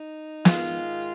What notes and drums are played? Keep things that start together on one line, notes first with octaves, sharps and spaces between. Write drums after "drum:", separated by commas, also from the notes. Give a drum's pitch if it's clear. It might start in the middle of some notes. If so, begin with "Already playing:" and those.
Already playing: D#4
G#2 D#3 G#3 F4, drum: snare